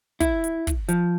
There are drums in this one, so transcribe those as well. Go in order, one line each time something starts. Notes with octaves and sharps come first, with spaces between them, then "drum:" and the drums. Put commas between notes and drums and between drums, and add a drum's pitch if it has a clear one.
E4, drum: kick, hi-hat
drum: hi-hat
drum: kick, hi-hat
F3, drum: hi-hat